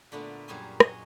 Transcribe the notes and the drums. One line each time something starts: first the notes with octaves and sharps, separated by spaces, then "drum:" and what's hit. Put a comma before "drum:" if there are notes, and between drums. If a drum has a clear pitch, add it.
A#2 D3 A3 B3
F#2 A#2 G3 C#4 G#4 G#5
C#5 D#5 G#5, drum: rim click